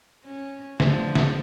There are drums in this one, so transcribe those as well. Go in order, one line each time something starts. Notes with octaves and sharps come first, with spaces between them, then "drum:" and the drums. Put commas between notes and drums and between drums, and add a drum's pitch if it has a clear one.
C#4
D3 F3 A3, drum: snare
drum: snare